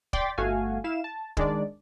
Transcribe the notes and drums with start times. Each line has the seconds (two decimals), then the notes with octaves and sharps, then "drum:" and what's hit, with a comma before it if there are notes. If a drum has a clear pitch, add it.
0.13 D5 G5 C6 D6 A6 B6, drum: kick
0.38 G1 A3 F#4 F5 G#5
0.84 E4 F5 E7
1.04 A5
1.37 D#3 G#3 D4 D5, drum: kick